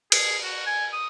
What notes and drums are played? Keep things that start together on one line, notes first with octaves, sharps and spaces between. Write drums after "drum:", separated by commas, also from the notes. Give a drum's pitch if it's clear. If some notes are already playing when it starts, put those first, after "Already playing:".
G#4, drum: cymbal
F#4
G#5
D#6